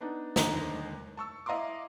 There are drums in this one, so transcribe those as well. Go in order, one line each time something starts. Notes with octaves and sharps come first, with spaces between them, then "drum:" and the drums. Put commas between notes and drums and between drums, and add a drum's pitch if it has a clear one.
B3 D4 D#4
D#2 D3 D#4 C5 D#5 A#5, drum: snare
A5 C#6 E6
E4 D#5 F5 A#5 C6 D6